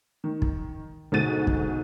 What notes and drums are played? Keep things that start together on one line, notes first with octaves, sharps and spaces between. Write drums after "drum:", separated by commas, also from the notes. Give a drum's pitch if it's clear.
D#3
drum: kick
D2 G#2 B2 A6 D#7
drum: kick